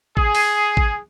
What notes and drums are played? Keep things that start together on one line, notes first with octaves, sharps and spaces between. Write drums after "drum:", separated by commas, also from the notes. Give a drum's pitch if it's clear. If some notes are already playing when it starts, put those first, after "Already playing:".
G#4, drum: kick A1
drum: open hi-hat
drum: kick A1